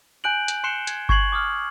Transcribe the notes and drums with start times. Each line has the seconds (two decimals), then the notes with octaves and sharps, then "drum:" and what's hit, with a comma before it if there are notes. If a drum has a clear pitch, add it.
0.24 G#5 F#6 G6 D7 F#7
0.48 drum: hi-hat
0.64 C6 F#6 C7 C#7 E7 G7
0.87 G#6, drum: hi-hat
1.09 C#6 G#6 C7 F#7, drum: kick G1
1.32 D6 D#6 F6